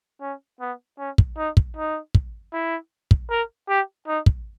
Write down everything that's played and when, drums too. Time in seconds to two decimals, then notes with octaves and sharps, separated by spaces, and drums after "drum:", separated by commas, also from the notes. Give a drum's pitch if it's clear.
0.21 C#4
0.61 B3
0.99 C#4
1.18 drum: kick
1.38 D#4
1.57 drum: kick
1.76 D#4
2.15 drum: kick
2.53 E4
3.11 drum: kick
3.30 A#4
3.69 G4
4.07 D#4
4.26 drum: kick